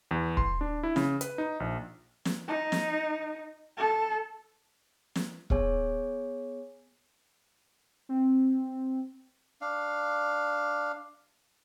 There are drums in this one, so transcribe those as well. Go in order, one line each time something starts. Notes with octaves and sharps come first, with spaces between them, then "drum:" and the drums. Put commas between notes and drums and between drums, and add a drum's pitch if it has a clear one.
E2
C6, drum: kick
D4
E4
C#3, drum: snare
B4, drum: hi-hat
D#4
A#1
drum: snare
D#4
drum: snare
A4
drum: snare
B3 G#4 C#5 G#5, drum: kick
C4
D4 F5